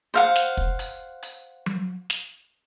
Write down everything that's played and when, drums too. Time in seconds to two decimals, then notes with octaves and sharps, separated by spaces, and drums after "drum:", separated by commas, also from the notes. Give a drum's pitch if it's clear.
0.14 C5 F5 F#5
0.36 drum: snare
0.57 drum: kick
0.79 drum: hi-hat
1.23 drum: hi-hat
1.66 drum: tom F#3
2.10 drum: snare